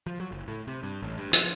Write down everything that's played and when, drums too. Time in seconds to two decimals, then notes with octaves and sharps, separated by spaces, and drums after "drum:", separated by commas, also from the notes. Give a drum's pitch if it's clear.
0.06 F3
0.20 F#3
0.31 F#1
0.48 A2
0.67 C3
0.83 G2
1.02 A1
1.18 G2
1.33 F3, drum: hi-hat